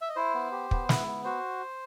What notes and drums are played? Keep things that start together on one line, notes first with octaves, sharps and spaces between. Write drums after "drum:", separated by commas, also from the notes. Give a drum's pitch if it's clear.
E5
D#5
E4 C5
B3
G4
B3, drum: kick
E4, drum: snare
B3
F#4 C5